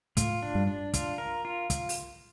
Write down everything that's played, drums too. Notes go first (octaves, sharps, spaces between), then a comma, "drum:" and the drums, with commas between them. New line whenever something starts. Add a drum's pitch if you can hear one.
A2 F4, drum: kick, hi-hat
D4
G2
D4
F4, drum: kick, hi-hat
A#4
F4
drum: kick, hi-hat
drum: open hi-hat